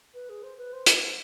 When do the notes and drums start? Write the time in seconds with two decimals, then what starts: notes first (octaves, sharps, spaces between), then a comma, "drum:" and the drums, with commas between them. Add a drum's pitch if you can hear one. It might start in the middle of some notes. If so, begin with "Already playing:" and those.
0.14 B4
0.29 G#4
0.43 C5
0.58 B4
0.73 C5
0.86 B4, drum: hi-hat
1.01 C5